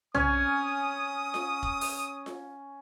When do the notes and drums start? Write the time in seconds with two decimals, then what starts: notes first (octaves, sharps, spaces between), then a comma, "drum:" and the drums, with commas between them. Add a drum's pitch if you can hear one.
0.15 C#4 G#5 D#6, drum: tom
1.34 drum: snare F4
1.63 drum: kick E1
1.81 drum: open hi-hat
2.26 drum: snare F4